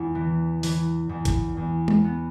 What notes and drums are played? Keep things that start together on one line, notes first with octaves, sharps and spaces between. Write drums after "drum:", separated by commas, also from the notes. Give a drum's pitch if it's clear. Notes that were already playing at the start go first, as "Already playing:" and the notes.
Already playing: E2
E3
E3, drum: open hi-hat
E2
drum: kick G#1, hi-hat
E2
drum: tom G#3
B3